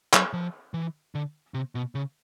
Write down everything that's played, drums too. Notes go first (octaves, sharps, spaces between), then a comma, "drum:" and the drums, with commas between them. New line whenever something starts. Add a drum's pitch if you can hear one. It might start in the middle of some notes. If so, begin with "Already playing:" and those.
F#3, drum: clap
F3
E3
D3
C3
B2
C#3